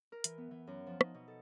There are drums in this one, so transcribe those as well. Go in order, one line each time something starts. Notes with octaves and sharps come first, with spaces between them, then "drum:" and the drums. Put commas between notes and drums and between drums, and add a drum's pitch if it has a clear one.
A#4
E3, drum: hi-hat
B3
E3
F#2
F3
D#4, drum: rim click
B2
A4